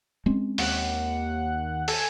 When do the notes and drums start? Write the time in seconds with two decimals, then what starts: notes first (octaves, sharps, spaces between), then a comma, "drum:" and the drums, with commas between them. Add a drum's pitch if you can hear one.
0.26 G#3 C4 C#4
0.58 D#2 F#5, drum: open hi-hat
1.88 A4 G#5, drum: open hi-hat